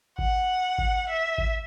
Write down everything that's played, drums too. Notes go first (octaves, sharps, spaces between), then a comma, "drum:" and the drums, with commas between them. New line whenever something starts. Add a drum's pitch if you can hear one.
F#5, drum: kick G#1
drum: kick G#1
E5
drum: kick G#1